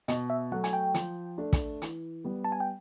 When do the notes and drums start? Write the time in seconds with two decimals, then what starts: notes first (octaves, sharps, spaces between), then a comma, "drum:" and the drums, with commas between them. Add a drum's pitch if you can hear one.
0.08 B2 D#5, drum: hi-hat
0.30 E5
0.52 F#3 A3 F#5
0.64 G#5, drum: hi-hat
0.73 G5
0.94 F3, drum: hi-hat
1.38 A3 D4
1.53 drum: kick, hi-hat
1.82 E3, drum: hi-hat
2.24 G3 B3
2.45 A5
2.52 G#5
2.60 G5